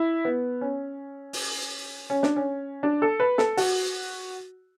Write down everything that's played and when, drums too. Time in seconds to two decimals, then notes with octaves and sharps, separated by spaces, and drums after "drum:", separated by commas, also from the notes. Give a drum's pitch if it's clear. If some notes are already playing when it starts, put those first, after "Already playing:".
Already playing: E4
0.25 B3
0.61 C#4
1.33 drum: open hi-hat
2.10 C#4
2.23 D4, drum: snare
2.36 C#4
2.83 D4
3.02 A4
3.20 B4
3.38 A4, drum: snare
3.57 F#4, drum: open hi-hat